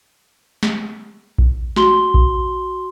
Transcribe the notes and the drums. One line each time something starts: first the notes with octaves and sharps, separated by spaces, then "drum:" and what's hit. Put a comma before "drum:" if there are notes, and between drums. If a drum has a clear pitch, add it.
drum: snare
drum: kick A#1
F#4 C6 G7, drum: snare
drum: kick A#1